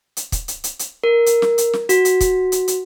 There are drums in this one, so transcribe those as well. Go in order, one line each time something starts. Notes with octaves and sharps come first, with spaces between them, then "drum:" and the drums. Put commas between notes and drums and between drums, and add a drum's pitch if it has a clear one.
drum: hi-hat
drum: kick, hi-hat
drum: hi-hat
drum: hi-hat
drum: hi-hat
A#4
drum: hi-hat
drum: snare
drum: hi-hat
drum: snare
F#4, drum: hi-hat
drum: hi-hat
drum: kick, hi-hat
drum: hi-hat
drum: hi-hat